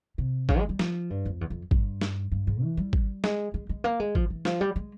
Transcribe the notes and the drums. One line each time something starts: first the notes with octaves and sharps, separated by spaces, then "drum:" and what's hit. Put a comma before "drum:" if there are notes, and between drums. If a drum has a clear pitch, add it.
C3
C#3, drum: kick
G#3
G3
F3, drum: snare
G2
F2
E2
F2
G2, drum: kick
drum: snare
G2
G#2
E3
G3
drum: kick
G#3, drum: snare
G#3
G#3
A#3
G#3
F3, drum: kick
E3
F3, drum: snare
G3
G#3